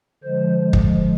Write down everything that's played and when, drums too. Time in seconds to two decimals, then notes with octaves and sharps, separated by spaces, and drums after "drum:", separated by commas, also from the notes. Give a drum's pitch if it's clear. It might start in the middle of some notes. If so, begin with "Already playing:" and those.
0.23 D3 F3 G#3 C5
0.73 drum: kick